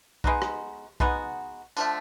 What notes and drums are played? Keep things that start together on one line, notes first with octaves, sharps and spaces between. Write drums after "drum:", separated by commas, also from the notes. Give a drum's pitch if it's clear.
G#3 B3 D#4 F#4, drum: kick B1
drum: rim click
G#3 B3 D#4 F#4, drum: kick B1
D3 F3 A3, drum: tambourine